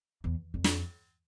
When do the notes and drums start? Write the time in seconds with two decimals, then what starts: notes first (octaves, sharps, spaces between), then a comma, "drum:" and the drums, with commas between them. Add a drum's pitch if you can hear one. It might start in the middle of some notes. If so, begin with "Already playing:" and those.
0.24 E2
0.54 F2
0.64 drum: snare